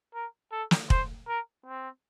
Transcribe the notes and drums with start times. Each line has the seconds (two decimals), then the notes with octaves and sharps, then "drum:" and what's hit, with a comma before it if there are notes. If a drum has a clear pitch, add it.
0.14 A#4
0.52 A4
0.71 drum: snare
0.90 C5, drum: kick
1.28 A#4
1.66 C4